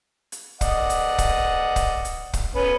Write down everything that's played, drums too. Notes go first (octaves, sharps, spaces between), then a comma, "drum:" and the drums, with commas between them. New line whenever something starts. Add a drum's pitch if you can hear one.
drum: hi-hat
D5 D#5 F#5, drum: kick, hi-hat
drum: hi-hat
drum: kick, hi-hat
drum: kick, hi-hat
drum: hi-hat
drum: kick, hi-hat
B3 C#4 B4